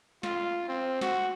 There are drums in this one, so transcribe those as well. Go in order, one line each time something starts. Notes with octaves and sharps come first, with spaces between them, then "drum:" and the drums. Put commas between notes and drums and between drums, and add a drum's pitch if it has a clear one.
F4, drum: snare
C4
F#4, drum: snare